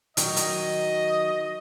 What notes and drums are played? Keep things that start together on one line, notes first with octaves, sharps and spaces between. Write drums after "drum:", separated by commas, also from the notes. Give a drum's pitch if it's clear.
D#3 F#3 D#5, drum: hi-hat
drum: hi-hat